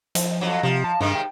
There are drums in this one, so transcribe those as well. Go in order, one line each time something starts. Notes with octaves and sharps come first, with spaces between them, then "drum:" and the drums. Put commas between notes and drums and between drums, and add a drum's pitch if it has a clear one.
F3, drum: hi-hat
F2 A#2 F#3
C3 F3
A5
G2 C3 D#3 G#3
G5